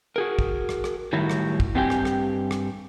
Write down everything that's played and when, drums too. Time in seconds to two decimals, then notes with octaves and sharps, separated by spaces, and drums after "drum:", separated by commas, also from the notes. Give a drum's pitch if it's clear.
0.16 F#4 G#4 A#4
0.39 drum: kick
0.69 drum: rim click
0.84 drum: rim click
1.13 A2 D#3 F#3 G3 E4 F#4
1.30 drum: rim click
1.60 drum: kick
1.75 G2 C4 G4 G5 G#5
1.90 drum: rim click
2.05 drum: rim click
2.51 drum: rim click